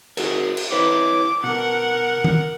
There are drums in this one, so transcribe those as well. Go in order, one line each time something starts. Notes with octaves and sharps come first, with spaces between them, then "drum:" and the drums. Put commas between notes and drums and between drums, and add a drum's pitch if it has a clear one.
F#4 G#4 A#4, drum: cymbal
drum: cymbal
E4 B4 C#5 D6
B2 A#4 F#5
drum: tom D#3